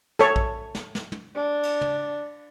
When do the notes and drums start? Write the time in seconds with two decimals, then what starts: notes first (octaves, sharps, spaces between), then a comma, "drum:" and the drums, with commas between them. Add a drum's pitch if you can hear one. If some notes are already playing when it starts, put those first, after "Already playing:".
0.19 A4 C#5, drum: snare
0.36 drum: kick
0.75 drum: snare
0.95 drum: snare
1.12 drum: tom
1.35 D4
1.63 drum: cymbal
1.81 drum: tom